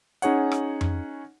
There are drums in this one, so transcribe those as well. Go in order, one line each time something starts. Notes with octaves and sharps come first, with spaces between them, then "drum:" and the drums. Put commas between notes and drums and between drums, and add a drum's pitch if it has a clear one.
C#4 D#4 G#4 C#5 F#5, drum: hi-hat
drum: rim click
drum: tom F2